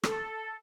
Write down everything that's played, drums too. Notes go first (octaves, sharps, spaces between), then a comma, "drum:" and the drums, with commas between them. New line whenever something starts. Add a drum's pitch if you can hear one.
A4, drum: rim click